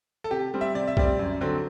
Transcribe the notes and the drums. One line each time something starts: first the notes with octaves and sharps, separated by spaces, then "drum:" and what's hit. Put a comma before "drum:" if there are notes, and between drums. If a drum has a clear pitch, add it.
A4
C3 G4
G3 C4
E5
C3 D5
E5
G3 C4 D5, drum: kick
F#2
D3 F#3 C4